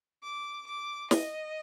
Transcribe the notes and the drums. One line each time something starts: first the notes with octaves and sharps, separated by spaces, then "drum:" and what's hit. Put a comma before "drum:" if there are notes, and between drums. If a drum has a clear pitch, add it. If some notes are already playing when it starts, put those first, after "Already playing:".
D6
D6
D#5, drum: snare